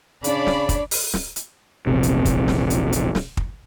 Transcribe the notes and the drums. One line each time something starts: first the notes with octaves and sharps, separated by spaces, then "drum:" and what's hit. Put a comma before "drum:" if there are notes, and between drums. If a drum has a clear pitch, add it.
C#3 D4 C#5 D5 B5, drum: hi-hat
drum: snare
drum: kick, hi-hat
drum: open hi-hat
drum: snare
drum: hi-hat
E1 A#1 C3
drum: hi-hat
drum: kick, hi-hat
drum: snare
drum: hi-hat
drum: hi-hat
drum: snare
drum: kick